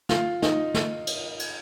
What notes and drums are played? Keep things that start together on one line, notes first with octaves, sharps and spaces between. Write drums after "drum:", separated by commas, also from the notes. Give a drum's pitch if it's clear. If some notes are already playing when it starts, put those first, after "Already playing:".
F4, drum: snare
D#4, drum: snare
drum: snare
drum: cymbal
drum: cymbal